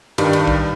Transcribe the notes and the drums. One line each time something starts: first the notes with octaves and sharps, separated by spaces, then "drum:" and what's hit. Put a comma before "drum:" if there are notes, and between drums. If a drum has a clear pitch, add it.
G2 D#3 G3, drum: cymbal
drum: cymbal
drum: kick B1